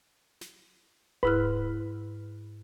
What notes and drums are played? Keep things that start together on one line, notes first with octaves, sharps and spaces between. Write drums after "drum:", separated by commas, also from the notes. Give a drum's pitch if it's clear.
drum: snare
G#2 E4 B4 F6, drum: kick D1